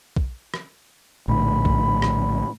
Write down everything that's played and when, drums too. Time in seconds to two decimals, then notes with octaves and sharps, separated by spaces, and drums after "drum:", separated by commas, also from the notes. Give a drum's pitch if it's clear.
0.16 drum: kick
0.54 drum: rim click
1.28 A#1 A2 D3 B5
1.65 drum: kick
2.02 drum: rim click